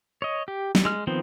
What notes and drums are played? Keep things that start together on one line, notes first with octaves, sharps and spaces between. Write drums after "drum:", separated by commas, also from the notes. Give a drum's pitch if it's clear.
C#5 D#5
G4
drum: snare
G#3 F6
D#3 F3 B3 C4 C5